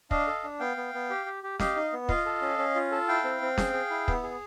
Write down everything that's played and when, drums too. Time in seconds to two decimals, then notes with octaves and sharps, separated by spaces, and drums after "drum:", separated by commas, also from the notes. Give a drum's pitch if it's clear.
0.11 D4 D#5 F5, drum: kick
0.27 A4
0.44 D4
0.60 B3 F5 G5
0.77 B3
0.94 B3
1.10 G4
1.26 G4
1.43 G4
1.59 G4 D#5 F5, drum: snare
1.76 D#4
1.93 B3
2.09 F4 D#5 F5, drum: kick
2.26 A4
2.42 C#4
2.58 C#4
2.76 F4
2.92 A4
3.08 E4 F5 G5
3.24 C4
3.42 C4
3.58 G#4, drum: snare
3.74 G#4
3.90 E4
4.08 B3, drum: kick
4.23 G#4